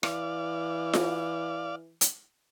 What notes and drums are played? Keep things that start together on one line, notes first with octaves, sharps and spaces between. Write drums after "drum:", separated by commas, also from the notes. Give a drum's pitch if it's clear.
E3 D5 F5, drum: rim click
drum: snare F4
drum: hi-hat